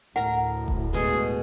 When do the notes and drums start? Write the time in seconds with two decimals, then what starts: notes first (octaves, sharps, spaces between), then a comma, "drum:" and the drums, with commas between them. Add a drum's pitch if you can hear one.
0.16 D2 A2 A#4 F#5 A#5
0.68 drum: kick E1
0.93 B2 G#3 G#4 A4